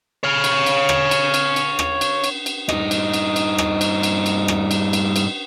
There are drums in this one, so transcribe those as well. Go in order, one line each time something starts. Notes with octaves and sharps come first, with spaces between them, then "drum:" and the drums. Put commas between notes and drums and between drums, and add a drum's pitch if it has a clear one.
C#5 F5
drum: cymbal
drum: cymbal
drum: rim click
drum: cymbal
drum: cymbal
drum: cymbal
drum: rim click
drum: cymbal
drum: cymbal
drum: cymbal
G2 D#4, drum: rim click
drum: cymbal
drum: cymbal
drum: cymbal
drum: rim click
drum: cymbal
drum: cymbal
drum: cymbal
drum: rim click
drum: cymbal
drum: cymbal
drum: cymbal